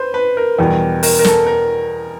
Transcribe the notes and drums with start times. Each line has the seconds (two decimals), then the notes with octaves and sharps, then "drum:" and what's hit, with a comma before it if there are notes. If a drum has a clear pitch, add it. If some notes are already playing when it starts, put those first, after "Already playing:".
Already playing: B4 C5
0.14 B4
0.37 A#4
0.59 E2 B2 G3
1.03 A#4, drum: open hi-hat
1.19 A#4
1.25 A4, drum: snare
1.47 A#4